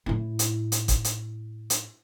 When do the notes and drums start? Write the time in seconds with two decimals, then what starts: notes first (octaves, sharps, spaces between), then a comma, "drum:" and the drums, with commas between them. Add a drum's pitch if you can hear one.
0.06 A2 E4
0.39 drum: hi-hat
0.72 drum: hi-hat
0.88 drum: kick G1, hi-hat
1.04 drum: hi-hat
1.70 drum: hi-hat